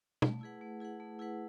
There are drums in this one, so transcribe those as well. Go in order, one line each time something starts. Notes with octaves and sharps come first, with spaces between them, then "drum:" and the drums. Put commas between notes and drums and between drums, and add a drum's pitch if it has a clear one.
A3, drum: tom
E4 G#4 B4 F#5
A3
E4 G#4 B4 F#5
A3
E4 G#4 B4 F#5